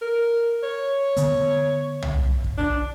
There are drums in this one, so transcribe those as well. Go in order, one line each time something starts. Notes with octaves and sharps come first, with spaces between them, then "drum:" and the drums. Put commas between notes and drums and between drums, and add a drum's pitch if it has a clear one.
A#4
C#5
D3 B3, drum: hi-hat
drum: tom
drum: kick
D4